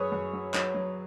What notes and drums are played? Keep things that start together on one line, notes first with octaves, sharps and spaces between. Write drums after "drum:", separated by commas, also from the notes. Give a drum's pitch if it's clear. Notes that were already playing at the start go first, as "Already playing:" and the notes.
Already playing: F#2 G#4 B4 C#5
F#2
F#3
F#3, drum: clap
F#3